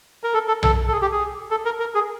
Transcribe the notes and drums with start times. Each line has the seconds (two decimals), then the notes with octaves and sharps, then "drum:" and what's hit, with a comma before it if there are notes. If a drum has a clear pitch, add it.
0.24 A#4
0.34 A4
0.48 A4
0.63 A4, drum: tom B1
0.88 A4
0.92 G#4
1.02 G4
1.12 G#4
1.51 A4
1.65 A#4
1.80 A#4
1.95 G#4